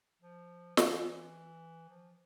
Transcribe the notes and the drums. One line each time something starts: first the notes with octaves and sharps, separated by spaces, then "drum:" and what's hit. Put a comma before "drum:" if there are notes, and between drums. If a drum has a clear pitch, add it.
F3
E3, drum: snare
F3